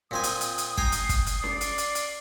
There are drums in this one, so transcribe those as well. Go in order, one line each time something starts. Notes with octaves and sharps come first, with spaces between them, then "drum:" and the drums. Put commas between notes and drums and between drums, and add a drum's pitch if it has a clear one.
A#2 C4 G#5 D#6
drum: hi-hat
drum: hi-hat
drum: hi-hat
G5 G#5 A#5 C7, drum: kick
drum: hi-hat
drum: kick, hi-hat
drum: hi-hat
D5, drum: snare C#4
drum: hi-hat
drum: hi-hat
drum: hi-hat